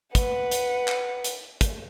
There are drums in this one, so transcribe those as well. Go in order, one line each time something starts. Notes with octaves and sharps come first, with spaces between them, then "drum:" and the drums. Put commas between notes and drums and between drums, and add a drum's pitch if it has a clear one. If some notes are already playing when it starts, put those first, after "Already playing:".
B4 F#5, drum: kick, hi-hat
drum: hi-hat
drum: clap
drum: hi-hat
drum: kick, hi-hat